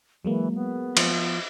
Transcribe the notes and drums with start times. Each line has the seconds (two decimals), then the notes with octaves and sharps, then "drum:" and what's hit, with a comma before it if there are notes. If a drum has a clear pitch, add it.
0.25 E3 F#3 G#3 A#3
0.55 B3
0.97 F3, drum: cymbal